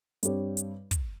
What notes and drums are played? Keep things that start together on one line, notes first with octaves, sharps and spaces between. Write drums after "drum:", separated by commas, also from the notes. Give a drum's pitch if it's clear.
G2 G3 C4 G4 C#5, drum: hi-hat
drum: hi-hat
drum: kick, hi-hat